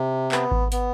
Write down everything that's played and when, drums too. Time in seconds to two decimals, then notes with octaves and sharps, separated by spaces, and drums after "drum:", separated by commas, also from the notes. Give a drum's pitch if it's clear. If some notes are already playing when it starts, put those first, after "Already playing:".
Already playing: C3
0.32 B3, drum: clap
0.51 drum: kick G#1
0.72 B3, drum: hi-hat